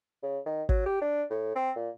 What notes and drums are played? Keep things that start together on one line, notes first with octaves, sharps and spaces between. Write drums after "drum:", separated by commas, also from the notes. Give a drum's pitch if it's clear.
C#3
D#3
F#3, drum: kick
G4
D4
A2
C4
A#2